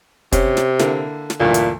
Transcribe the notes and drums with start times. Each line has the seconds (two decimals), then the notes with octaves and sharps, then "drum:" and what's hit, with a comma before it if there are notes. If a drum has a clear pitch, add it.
0.32 C3 C#4, drum: kick, hi-hat
0.57 drum: snare
0.79 D3 A#3 E4, drum: snare
1.30 drum: snare
1.40 D2 G2 A#2 E3
1.54 drum: hi-hat